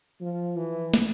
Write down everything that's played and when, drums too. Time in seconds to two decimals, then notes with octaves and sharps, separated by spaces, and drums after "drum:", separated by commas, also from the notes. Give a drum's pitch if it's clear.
0.21 F3
0.57 E3
0.94 drum: snare